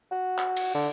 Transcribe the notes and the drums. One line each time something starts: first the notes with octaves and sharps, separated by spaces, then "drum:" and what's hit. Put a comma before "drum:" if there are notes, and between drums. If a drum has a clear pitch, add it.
F#4
drum: clap
drum: cymbal
D3